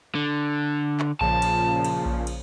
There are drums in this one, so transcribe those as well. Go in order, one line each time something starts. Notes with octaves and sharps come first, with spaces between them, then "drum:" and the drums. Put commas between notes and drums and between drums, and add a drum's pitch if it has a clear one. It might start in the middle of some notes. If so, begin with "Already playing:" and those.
D3
drum: clap
A#2 C#3 F3 A5, drum: kick A#1
drum: cymbal
drum: cymbal
drum: kick A#1
drum: cymbal